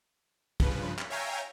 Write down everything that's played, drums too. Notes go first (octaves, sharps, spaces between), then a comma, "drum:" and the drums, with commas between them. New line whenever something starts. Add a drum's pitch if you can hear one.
G2 C#3 F3 B4, drum: kick, cymbal
drum: clap
C#5 E5 F5 G5 G#5 A#5